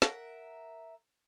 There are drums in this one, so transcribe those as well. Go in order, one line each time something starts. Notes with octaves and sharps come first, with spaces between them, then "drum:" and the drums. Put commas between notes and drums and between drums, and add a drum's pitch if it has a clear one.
A#4 E5 F#5, drum: snare